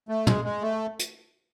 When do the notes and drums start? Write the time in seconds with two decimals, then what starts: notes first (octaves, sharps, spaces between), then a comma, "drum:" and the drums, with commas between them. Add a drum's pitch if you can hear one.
0.09 A3
0.27 G#3, drum: tom
0.44 G#3
0.62 A3
0.99 drum: hi-hat